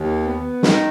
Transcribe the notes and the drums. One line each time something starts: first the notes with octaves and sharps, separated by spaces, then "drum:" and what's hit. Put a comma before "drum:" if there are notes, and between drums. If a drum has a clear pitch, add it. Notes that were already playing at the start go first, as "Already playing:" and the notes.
Already playing: D#2
B3
D#3, drum: snare